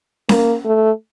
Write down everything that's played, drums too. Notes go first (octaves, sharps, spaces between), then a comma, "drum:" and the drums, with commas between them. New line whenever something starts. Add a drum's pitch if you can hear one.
A#3, drum: snare C#4
A3